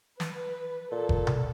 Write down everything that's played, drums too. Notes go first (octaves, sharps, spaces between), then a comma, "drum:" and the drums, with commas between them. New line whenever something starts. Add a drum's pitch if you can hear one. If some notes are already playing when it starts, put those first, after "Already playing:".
B4, drum: snare
A#2 A4
drum: kick F#1
drum: tom B2